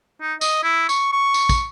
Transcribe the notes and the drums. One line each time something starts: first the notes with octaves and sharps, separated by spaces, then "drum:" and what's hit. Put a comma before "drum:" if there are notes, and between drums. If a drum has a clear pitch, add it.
D#4
D#5, drum: tambourine
E4
C#6, drum: tambourine
C#6
drum: tambourine
drum: kick, tambourine